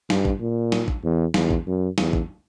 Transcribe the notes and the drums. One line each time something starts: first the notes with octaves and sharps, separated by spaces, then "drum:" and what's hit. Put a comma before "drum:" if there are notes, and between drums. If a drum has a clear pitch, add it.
G2, drum: snare
drum: kick
A#2
drum: snare
drum: kick
E2
E2, drum: snare
drum: kick
F#2
E2, drum: snare
drum: kick